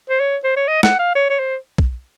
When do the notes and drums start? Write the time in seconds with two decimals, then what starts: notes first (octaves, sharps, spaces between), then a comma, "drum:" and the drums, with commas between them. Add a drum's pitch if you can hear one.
0.10 C5
0.20 C#5
0.44 C5
0.57 C#5
0.68 D#5
0.83 F#5, drum: snare
0.99 F5
1.15 C#5
1.30 C#5
1.39 C5
1.78 drum: kick